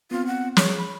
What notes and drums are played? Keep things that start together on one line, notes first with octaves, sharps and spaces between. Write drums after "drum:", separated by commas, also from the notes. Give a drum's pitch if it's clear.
B3 C4 F4
F#5
F3 G#4 C#5, drum: snare
B5